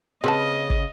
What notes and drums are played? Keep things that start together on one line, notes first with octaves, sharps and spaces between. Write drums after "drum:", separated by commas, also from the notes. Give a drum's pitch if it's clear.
C#3 C4 B4 D#5 A5
drum: kick